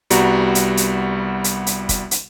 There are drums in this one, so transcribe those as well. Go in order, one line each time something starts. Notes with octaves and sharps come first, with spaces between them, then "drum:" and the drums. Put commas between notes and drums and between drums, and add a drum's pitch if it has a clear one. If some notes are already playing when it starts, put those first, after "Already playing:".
C2 G3 B3 F#4 A#5, drum: hi-hat
drum: hi-hat
drum: hi-hat
drum: hi-hat
drum: hi-hat
drum: kick F1, hi-hat
drum: hi-hat